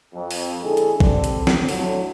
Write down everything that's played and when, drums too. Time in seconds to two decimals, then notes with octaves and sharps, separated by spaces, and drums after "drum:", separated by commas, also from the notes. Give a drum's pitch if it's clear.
0.14 F2
0.31 drum: open hi-hat
0.62 D3 G#3 E4 G#4 A4
0.77 drum: hi-hat
1.00 D3 G3 C4, drum: kick
1.24 drum: hi-hat
1.47 drum: snare
1.69 A2 D3 F#3, drum: open hi-hat